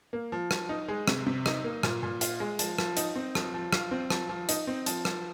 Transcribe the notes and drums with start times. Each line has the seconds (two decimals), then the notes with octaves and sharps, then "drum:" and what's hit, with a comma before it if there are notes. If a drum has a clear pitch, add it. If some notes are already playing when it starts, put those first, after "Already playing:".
0.13 A#3
0.32 F3
0.51 F3, drum: rim click
0.69 D#4
0.88 G#3
1.08 C3, drum: rim click
1.26 C3
1.46 D#4, drum: rim click
1.64 A#3
1.83 A#2, drum: rim click
2.03 A#2
2.21 F4, drum: hi-hat
2.40 G#3
2.59 F3, drum: hi-hat
2.78 F3, drum: rim click
2.97 D#4, drum: hi-hat
3.16 C4
3.35 F3, drum: rim click
3.54 F3
3.73 F4, drum: rim click
3.91 C4
4.10 F3, drum: rim click
4.29 F3
4.49 D#4, drum: hi-hat
4.67 C4
4.86 F3, drum: hi-hat
5.05 F3, drum: rim click